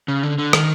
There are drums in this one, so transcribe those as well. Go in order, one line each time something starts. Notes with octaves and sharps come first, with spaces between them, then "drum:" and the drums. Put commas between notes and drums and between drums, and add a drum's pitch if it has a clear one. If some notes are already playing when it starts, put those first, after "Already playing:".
C#3
D3
D3
D#3, drum: rim click